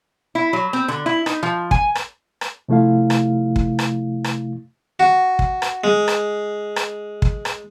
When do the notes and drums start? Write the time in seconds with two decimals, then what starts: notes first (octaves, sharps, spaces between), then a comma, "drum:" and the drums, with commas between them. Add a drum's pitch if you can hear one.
0.35 E4
0.53 F#3
0.73 C4
0.88 D3
1.06 E4
1.26 D#4, drum: rim click
1.43 F3
1.71 G#5, drum: kick
1.95 drum: rim click
2.41 drum: rim click
2.69 C3 F3 A3 E4 F5
3.10 drum: rim click
3.56 drum: kick
3.79 drum: rim click
4.24 drum: rim click
5.00 F#4
5.39 drum: kick
5.62 drum: rim click
5.84 G#3
6.08 drum: rim click
6.76 drum: rim click
7.22 drum: kick
7.45 drum: rim click